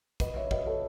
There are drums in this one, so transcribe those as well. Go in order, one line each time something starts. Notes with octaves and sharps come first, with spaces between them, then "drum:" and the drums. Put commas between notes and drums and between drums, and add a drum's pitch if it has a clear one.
B4 D#5, drum: kick, hi-hat
C#5 E5
B4 D#5, drum: kick
A4 C#5